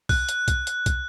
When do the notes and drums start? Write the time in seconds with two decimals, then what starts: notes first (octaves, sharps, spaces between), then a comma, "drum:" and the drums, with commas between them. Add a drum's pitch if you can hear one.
0.09 F#6, drum: kick, open hi-hat
0.29 drum: hi-hat
0.48 drum: kick, hi-hat
0.67 drum: hi-hat
0.86 drum: kick, hi-hat